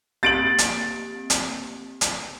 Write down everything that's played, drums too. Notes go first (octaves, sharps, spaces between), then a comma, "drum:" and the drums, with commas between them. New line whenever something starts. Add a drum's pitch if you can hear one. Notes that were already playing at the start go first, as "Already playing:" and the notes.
A#3 C4 G4 A6 D7 F#7
drum: hi-hat
drum: hi-hat
drum: hi-hat